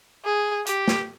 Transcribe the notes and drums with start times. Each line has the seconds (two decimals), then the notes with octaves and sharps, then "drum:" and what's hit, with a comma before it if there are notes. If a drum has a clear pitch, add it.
0.25 G#4
0.66 G4, drum: hi-hat
0.88 drum: snare